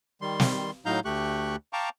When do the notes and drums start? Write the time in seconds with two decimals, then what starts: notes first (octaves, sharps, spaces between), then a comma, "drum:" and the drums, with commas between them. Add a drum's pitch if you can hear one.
0.22 D#3 G3 C6
0.40 drum: snare
0.86 A2 F#3 D#4 F5 A#5 G6
1.05 D2 A3 G4 C#6 F#6
1.73 F5 G5 A5 A#5 C#6 D6